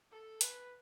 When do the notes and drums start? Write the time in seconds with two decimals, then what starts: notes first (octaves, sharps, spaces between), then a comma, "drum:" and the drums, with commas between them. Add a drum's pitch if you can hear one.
0.11 A4
0.41 B4, drum: hi-hat